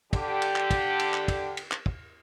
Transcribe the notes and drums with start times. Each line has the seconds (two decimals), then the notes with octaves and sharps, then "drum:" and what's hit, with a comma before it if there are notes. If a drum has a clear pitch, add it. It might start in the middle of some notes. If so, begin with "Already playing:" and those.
0.13 D3 G4, drum: kick, cymbal
0.42 drum: cymbal
0.56 drum: clap
0.71 drum: kick, cymbal
0.99 drum: cymbal
1.14 drum: clap
1.28 drum: kick, cymbal
1.57 drum: cymbal
1.71 drum: clap
1.86 drum: kick